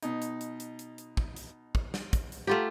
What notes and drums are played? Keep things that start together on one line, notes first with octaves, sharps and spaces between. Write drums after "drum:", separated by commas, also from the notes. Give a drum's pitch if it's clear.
B2 D#4, drum: hi-hat
drum: hi-hat
drum: hi-hat
drum: hi-hat
drum: hi-hat
drum: hi-hat
drum: kick
drum: hi-hat
drum: kick
drum: snare
drum: kick, hi-hat
drum: hi-hat
A3 F4 G4 F#5 A#5